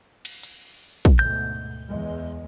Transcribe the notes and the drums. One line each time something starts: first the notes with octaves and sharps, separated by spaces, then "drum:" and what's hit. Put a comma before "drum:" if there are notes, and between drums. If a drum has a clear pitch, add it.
drum: cymbal
drum: hi-hat
drum: kick
D2 G#2 B2 G6
E2 G#3